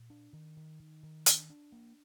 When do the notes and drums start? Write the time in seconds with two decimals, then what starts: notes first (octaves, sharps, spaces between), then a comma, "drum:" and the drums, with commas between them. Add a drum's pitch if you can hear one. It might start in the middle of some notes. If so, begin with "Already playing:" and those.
Already playing: A#2
0.10 D4
0.33 D#3
0.57 D#3
0.80 D#3
1.03 D#3
1.26 D4, drum: hi-hat
1.50 D4
1.72 A#3